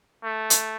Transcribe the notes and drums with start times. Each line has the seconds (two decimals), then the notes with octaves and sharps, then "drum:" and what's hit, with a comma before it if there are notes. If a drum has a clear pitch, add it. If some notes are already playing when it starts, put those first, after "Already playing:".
0.24 A3
0.50 drum: hi-hat